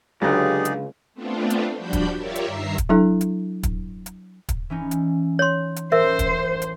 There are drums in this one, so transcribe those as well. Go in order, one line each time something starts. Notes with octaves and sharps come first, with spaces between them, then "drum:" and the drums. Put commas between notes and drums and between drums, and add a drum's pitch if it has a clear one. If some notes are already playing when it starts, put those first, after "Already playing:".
C#2 D3 F#3 D#4 G4 G#4 D5
drum: hi-hat
A3 B3 C4 D4 F4
drum: hi-hat
F3 G3 D4 F#4 B5 G6
drum: kick, hi-hat
F4 G4 A#4 C#5 D5 E5
drum: hi-hat
G2 D#3 E5 A#5 C7
drum: kick, hi-hat
F#3 D4 E4 A4
drum: hi-hat
drum: kick, hi-hat
drum: hi-hat
drum: kick, hi-hat
E3 C#4 D#4
drum: hi-hat
C#5 C6
drum: hi-hat
A1 A#4 C5 E5
drum: kick, hi-hat
drum: hi-hat